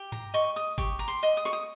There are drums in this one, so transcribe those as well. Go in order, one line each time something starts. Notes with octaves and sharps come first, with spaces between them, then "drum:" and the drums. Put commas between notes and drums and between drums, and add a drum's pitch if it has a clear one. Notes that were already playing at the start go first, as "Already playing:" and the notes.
Already playing: G4
A#5, drum: tom G2
D#5 C#6
D#6
G4 C#6, drum: kick G1
A#5
C6
D#5
D#6
C#6, drum: snare
D#6